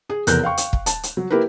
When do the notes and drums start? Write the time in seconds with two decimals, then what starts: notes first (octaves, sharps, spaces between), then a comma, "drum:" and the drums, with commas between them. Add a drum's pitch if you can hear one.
0.10 G#4
0.27 F1 E2 A#4 F#6 G6, drum: hi-hat
0.43 F5 G5 C#6
0.57 drum: hi-hat
0.73 drum: kick
0.86 A5, drum: hi-hat
1.03 drum: hi-hat
1.17 F#3
1.30 A#3 E4 G4 A#4 B4